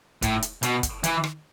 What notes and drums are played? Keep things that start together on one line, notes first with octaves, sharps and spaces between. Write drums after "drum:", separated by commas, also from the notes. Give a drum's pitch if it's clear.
A2, drum: kick, hi-hat
drum: hi-hat
B2, drum: hi-hat
drum: kick, hi-hat
E3, drum: hi-hat
drum: rim click